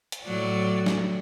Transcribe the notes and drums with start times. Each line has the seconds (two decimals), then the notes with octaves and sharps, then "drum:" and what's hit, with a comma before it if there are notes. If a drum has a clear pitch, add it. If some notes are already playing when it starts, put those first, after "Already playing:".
0.12 drum: hi-hat
0.24 A2 F#3 D5
0.86 drum: snare